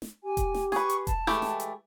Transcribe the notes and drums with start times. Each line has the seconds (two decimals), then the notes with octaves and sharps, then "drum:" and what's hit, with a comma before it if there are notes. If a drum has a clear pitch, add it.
0.02 drum: snare
0.24 G4 G#5
0.37 drum: kick E1, hi-hat
0.54 drum: snare
0.72 G#4 B4 C#6, drum: snare
0.90 drum: hi-hat
1.07 A5, drum: kick E1, hi-hat
1.27 E3 G#3 A3 G4, drum: snare
1.42 drum: snare
1.60 drum: hi-hat